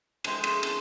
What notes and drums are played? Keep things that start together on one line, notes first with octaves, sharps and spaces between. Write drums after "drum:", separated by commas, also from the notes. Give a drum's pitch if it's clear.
F3 G#3 A3 G5, drum: cymbal
drum: cymbal
drum: cymbal